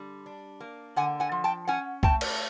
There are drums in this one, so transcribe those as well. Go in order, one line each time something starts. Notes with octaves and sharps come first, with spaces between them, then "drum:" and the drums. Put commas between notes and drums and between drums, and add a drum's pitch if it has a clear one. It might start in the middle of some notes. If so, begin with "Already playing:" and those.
Already playing: D3 G3
D4
A#3
D3 F#5 G#5
F#5 G#5
F3
G5 A5
C#4 F#5 G#5
A3 G5 A5, drum: kick
drum: cymbal